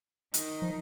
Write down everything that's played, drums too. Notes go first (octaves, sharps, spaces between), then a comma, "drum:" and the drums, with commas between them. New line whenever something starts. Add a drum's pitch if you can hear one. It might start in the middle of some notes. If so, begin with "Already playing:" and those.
D#3 D#4, drum: hi-hat
F3